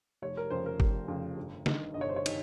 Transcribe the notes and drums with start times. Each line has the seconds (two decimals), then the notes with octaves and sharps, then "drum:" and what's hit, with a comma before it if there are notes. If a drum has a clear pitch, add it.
0.22 F1 C#5
0.37 A#4
0.50 F2 C#3 C5
0.66 A#4
0.80 F1, drum: kick
1.08 F2 C#3
1.37 G1
1.66 G2 D#3, drum: snare
1.94 G1 D#5
2.01 C#5
2.09 C5
2.16 C#5
2.26 D#3, drum: cymbal